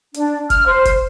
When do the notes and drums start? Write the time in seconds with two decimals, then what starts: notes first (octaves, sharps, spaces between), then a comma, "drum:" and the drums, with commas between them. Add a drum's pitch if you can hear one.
0.14 D4, drum: hi-hat
0.50 F6, drum: kick, hi-hat
0.67 C5
0.85 drum: kick, hi-hat